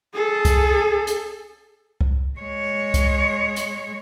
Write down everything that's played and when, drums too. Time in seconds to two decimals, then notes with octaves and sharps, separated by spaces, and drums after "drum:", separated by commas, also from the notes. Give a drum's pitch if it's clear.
0.14 G#4 A4
0.45 drum: kick C2, hi-hat
1.07 drum: hi-hat
2.01 drum: kick C2
2.39 G#3 C#5
2.94 drum: kick C2, hi-hat
3.56 drum: hi-hat